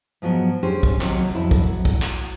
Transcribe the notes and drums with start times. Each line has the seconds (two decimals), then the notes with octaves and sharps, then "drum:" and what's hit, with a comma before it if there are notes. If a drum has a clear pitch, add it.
0.22 G#2 F3 F#3 B3
0.63 C#4 D4 G4 G#4 C5
0.83 drum: kick
1.01 D#2 C3 F#3 C#4, drum: clap
1.34 F2 F#3 E4
1.51 drum: kick
1.63 F#3
1.85 drum: kick
2.02 drum: clap